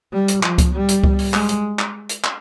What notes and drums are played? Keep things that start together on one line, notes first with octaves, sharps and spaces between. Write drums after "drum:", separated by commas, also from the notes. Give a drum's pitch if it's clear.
G3
drum: hi-hat
F3, drum: clap
drum: kick C#2, hi-hat
G3
drum: hi-hat
drum: kick C#2
drum: open hi-hat
G#3, drum: clap
drum: hi-hat
drum: clap
drum: hi-hat
drum: clap